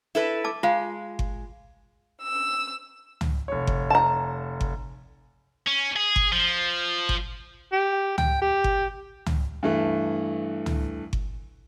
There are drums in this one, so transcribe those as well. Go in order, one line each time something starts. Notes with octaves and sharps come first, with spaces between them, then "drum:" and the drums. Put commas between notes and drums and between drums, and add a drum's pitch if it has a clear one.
E4 A4 B4
A5 D6
G#3 F4 F5
drum: kick G1
E6
drum: tom
F1 C#5
drum: kick G1
A5 A#5
drum: kick G1
C#4
G#4
drum: kick G1
F3
drum: kick G1
G4
G5, drum: tom
G4
drum: kick G1
drum: tom
G2 E3 A3
drum: tom
drum: kick G1